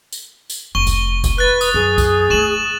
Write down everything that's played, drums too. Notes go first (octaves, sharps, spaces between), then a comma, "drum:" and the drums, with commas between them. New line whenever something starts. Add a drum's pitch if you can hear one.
drum: tambourine
drum: tambourine
F1 C#6 G7
drum: kick, tambourine
drum: kick, tambourine
B4 F#6 A6
D#6, drum: tambourine
F#2 G#4
drum: kick, tambourine
A3 D#4 C#6 E7 F#7